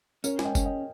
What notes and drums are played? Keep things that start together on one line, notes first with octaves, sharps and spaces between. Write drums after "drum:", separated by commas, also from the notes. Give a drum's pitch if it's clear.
C#4 A#4 C#5, drum: tambourine
G#2 G#5, drum: snare
D#5 G5
C#4, drum: kick F#1, tambourine
D#5 G5